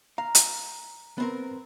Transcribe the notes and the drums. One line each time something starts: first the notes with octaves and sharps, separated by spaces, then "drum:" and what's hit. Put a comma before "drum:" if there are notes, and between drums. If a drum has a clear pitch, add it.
F5 A#5
drum: hi-hat
B3 C4 A#4